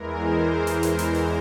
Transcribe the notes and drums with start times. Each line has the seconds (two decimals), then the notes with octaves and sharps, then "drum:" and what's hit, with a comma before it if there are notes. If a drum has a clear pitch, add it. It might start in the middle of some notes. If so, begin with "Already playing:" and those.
Already playing: E2 E3 G#3 A#4
0.19 C5
0.67 drum: hi-hat
0.83 drum: hi-hat
0.99 drum: hi-hat
1.15 drum: open hi-hat